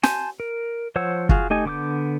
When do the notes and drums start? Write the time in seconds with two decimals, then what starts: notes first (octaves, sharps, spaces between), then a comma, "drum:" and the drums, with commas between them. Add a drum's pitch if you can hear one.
0.03 G#5 A5 C6 G6, drum: snare
0.40 A#4
0.96 F3 C5 C#5 F#5 E6
1.29 F4 F#4 G#4 F5, drum: kick
1.50 A3 D#4 G4 D#5 G#5
1.65 D3 B3 D6 D#6 G6